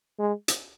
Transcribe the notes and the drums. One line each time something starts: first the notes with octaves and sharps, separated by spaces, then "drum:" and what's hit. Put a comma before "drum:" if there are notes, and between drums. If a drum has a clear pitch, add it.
G#3
drum: hi-hat